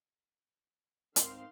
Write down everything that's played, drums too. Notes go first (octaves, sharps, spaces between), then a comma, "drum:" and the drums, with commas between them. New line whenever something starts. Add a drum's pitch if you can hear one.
G#2 D#3 C4 C5 F5 C6, drum: hi-hat